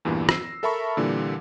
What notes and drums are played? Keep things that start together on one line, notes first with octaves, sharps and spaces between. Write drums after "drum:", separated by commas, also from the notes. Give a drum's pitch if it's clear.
E2 G2 A#2 E3
E6 A#6 C7, drum: rim click
A4 A#4 E5 A5 B5 C#6
A#2 D3 E3 G3